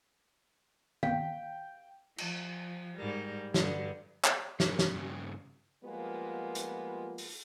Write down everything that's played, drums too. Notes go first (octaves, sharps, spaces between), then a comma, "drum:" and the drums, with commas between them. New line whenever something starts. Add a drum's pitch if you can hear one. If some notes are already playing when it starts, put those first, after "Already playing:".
F5 G5, drum: tom
F3, drum: cymbal
G#2 G3 A#4
G2 D3, drum: snare
drum: clap
E2 G#4 A#4 C#5, drum: snare
drum: snare
G2 C#3
F3 G3 G#3 A#3 B3 F4
drum: hi-hat
drum: open hi-hat